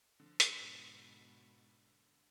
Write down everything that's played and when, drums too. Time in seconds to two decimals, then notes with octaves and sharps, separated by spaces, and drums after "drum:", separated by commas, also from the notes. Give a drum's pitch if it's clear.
0.20 D3 F3
0.40 drum: hi-hat
0.56 G#2 B2